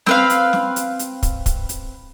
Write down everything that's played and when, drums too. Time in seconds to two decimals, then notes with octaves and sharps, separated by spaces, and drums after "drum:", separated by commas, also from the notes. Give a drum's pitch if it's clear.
0.06 C4 B4 F5, drum: snare
0.30 drum: hi-hat
0.53 drum: snare
0.76 drum: hi-hat
0.99 drum: hi-hat
1.23 drum: kick, hi-hat
1.46 drum: kick, hi-hat
1.69 drum: hi-hat